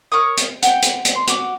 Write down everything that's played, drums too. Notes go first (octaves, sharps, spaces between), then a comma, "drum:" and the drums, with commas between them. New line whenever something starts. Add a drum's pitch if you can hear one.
A#4 C#5 C#6 D#6
drum: hi-hat
F#5 G5, drum: hi-hat
drum: hi-hat
drum: hi-hat
C6
F#4 D6, drum: hi-hat